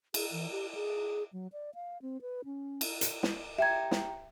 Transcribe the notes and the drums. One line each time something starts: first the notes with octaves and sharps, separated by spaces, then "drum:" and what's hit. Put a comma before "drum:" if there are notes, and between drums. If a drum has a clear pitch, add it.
G#4, drum: cymbal
E3
G4
G#4
F#3
D5
F5
C4
B4
C#4
drum: cymbal
drum: hi-hat
drum: snare
G4 E5 G5 A#5 G#6
drum: snare